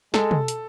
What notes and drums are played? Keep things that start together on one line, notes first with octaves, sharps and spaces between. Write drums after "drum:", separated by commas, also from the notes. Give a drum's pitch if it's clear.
G#3 A4, drum: snare
drum: tom
drum: hi-hat